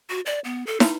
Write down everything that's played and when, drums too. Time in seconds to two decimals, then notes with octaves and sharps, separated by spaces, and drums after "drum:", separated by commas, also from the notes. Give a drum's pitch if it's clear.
0.10 F#4
0.26 D5
0.44 B3
0.67 A4
0.80 D#4, drum: snare